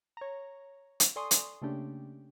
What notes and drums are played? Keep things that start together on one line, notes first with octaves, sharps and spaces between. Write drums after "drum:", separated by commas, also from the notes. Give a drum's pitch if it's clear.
C#5 A#5
drum: hi-hat
A4 D5 G#5 C6 C#6 D#6
drum: hi-hat
C#3 A3 A#3 C#4 D4 G4